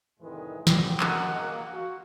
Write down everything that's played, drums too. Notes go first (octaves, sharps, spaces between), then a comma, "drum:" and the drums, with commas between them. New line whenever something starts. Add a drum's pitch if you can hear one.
C2 F2 A2 D#3 E3 G#3
A2 D3 C4 G4, drum: snare
F#4 G#4 A#4 D#5 F#5, drum: clap
A#3
F4 F#4